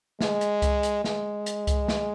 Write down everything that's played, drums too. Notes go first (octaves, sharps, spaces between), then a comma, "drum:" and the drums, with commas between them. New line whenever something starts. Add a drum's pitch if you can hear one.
G#3, drum: snare
drum: hi-hat
drum: kick C2, hi-hat
drum: hi-hat
G#3, drum: snare
drum: hi-hat
drum: kick C2, hi-hat
drum: snare